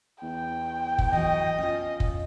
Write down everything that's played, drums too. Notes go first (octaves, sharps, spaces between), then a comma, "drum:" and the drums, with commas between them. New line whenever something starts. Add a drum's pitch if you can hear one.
E2 G5
drum: kick
E3 F#3 F#4 D#5
C#4 F4
drum: kick